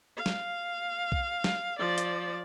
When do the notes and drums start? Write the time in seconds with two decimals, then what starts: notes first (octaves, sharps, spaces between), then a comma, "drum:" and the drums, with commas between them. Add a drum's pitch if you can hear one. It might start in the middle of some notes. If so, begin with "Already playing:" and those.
0.17 F5
0.26 drum: snare
1.12 drum: kick B1
1.44 drum: snare
1.79 F3 D5
1.98 drum: hi-hat